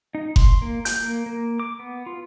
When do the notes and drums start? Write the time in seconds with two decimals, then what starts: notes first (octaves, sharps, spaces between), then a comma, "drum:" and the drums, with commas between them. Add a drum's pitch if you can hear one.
0.15 D#4
0.36 C6, drum: kick F#1
0.62 A#3
0.85 G6, drum: hi-hat
1.02 A#3
1.26 A#3
1.59 D6
1.79 B3
2.06 F4